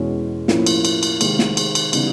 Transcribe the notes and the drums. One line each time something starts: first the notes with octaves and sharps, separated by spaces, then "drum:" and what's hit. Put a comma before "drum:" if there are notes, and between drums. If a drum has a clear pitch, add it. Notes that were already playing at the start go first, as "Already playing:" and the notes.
Already playing: E2 B2 G#3 C#4 E4
A2 F3 A#3 C#4 E4, drum: snare
drum: cymbal
drum: cymbal
drum: cymbal
C3 D#3 G#3 C4, drum: cymbal
drum: snare
drum: cymbal
drum: cymbal
C#3 E3 G3 B3 D#4, drum: cymbal